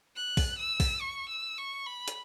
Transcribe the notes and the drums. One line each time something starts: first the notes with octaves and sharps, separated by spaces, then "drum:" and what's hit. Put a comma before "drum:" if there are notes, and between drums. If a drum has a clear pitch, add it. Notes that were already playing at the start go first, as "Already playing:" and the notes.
F#6
drum: kick, open hi-hat
E6
drum: kick, open hi-hat
C#6
E6
C#6
B5
drum: hi-hat